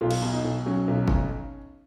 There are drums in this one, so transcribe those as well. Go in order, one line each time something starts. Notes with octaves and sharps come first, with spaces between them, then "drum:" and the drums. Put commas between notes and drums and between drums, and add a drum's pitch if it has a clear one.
B1 F4
drum: cymbal
B2
D#4
B1
F#3 C#4
B1
drum: kick G1